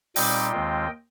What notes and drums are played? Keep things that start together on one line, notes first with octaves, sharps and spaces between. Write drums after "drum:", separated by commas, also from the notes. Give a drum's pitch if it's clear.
A#2 G3 C4 D#4 D#5 G5, drum: open hi-hat
D#2 D#3 G#3 C4 F4